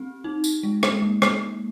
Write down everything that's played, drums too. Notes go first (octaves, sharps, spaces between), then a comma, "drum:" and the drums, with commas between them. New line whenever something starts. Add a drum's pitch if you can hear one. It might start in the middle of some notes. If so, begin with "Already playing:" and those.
Already playing: C4 G4
D#4
drum: tambourine
G#3
drum: rim click
A#3
drum: rim click
A#3